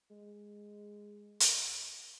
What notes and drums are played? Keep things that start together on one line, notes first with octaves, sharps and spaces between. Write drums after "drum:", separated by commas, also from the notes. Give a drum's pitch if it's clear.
G#3
drum: hi-hat